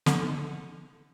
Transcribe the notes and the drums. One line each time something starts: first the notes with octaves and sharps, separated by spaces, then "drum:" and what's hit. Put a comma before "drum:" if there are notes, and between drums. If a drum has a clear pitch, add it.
D3, drum: snare